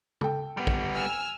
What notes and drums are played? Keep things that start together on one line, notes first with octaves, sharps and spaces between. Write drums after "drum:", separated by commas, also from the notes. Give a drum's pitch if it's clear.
A4 G5, drum: tom
G3 B3
drum: kick
G#5 E6 F6